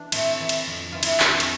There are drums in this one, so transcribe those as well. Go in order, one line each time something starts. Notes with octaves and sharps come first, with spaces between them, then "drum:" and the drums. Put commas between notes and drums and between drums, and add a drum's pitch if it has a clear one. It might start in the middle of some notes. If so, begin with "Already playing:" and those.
Already playing: E3 D4
A2 A3 C4, drum: cymbal
E3
drum: cymbal
F2
E3 F4
E4, drum: cymbal
D4
F2 A3 C4, drum: clap
drum: cymbal